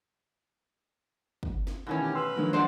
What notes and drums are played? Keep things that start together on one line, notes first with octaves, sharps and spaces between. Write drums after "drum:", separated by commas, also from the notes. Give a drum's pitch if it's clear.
drum: kick
drum: snare
B2 D#3 E3 A3 C#4 G#5
G4
B4 C6 E6
D3 D#3 F3 F#3 G#3 A#3
D4 D#4 G4 C5 D5 F#5